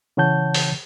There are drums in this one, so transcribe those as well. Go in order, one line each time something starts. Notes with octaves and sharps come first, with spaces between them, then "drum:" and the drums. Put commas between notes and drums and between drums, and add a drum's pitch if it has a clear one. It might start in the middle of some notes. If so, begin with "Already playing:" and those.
C#3 E3 C#5 F#5 A5 G6
drum: open hi-hat